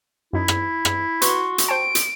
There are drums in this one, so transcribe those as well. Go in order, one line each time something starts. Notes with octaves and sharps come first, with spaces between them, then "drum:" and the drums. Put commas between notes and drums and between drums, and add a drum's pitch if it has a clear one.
F#2 D#4 E4
drum: rim click
drum: rim click
F#4 B4 C6 C#6, drum: hi-hat
drum: hi-hat
C5 G5 A5 D7
drum: hi-hat